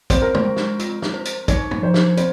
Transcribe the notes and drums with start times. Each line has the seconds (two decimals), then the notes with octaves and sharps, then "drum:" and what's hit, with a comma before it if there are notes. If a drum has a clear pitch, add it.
0.10 C4 C5, drum: kick, hi-hat
0.22 A#4
0.35 C5, drum: tom
0.45 G#3
0.56 drum: snare
0.79 F4, drum: hi-hat
1.02 drum: snare
1.14 C5
1.25 drum: hi-hat
1.48 D#4 C#5, drum: kick, hi-hat
1.71 drum: tom
1.83 F3 C5
1.94 drum: snare
2.17 C4 C5, drum: hi-hat